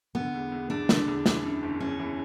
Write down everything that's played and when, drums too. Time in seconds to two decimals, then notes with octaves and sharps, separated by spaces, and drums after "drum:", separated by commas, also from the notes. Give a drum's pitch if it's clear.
0.15 D3 B3
0.34 E2
0.52 E2
0.70 E2 D4
0.89 D3, drum: snare
1.08 E2
1.26 E3, drum: snare
1.43 F#2
1.62 F#1
1.80 F#1 C#4
2.00 E3